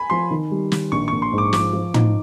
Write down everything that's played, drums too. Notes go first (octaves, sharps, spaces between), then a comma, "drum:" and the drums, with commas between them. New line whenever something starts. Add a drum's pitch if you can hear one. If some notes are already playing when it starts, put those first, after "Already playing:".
Already playing: G#5 B5
F3 C6
D#3
G3
D#3, drum: snare
A#1 C#6
C#6
A#1
C6
G#2
D6
F3 D6, drum: snare
F3
D#4, drum: tom